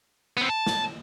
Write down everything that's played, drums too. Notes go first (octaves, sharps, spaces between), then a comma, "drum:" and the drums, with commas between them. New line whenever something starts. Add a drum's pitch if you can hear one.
B3 C4
A5
drum: snare